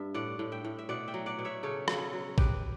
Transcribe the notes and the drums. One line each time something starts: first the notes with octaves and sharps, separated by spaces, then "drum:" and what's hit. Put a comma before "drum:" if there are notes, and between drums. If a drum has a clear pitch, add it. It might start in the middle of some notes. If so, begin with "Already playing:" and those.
Already playing: G2 E5
A2 D5 F#5
A2
E5 G5
A2
E5
B2 D5 F#5
E5 G5
F#3
D5 F#5
B2
C#5 E5
C#3 A4 C#5
F#3 A4 C#5, drum: rim click
F#3
B2 G4 B4, drum: kick